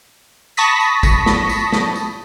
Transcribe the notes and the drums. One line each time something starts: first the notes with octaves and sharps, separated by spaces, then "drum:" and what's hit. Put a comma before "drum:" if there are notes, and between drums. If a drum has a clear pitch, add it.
A5 B5 C#6 D#6 A#6 B6, drum: tambourine
drum: tambourine
drum: kick, tambourine
drum: snare
drum: tambourine
drum: snare
drum: tambourine